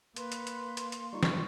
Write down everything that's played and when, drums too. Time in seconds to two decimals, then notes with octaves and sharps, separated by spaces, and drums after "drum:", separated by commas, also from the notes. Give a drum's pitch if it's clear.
0.16 A#3 B4 C6, drum: hi-hat
0.32 drum: hi-hat
0.47 drum: hi-hat
0.77 drum: hi-hat
0.92 drum: hi-hat
1.13 G3 D#4 F4 C#6
1.23 drum: snare